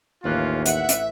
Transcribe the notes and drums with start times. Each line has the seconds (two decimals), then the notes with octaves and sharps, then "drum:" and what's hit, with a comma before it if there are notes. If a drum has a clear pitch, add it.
0.24 A1 D#2 A3 A#3 C#4 F4 F#6
0.66 E5 F#5, drum: hi-hat
0.89 drum: hi-hat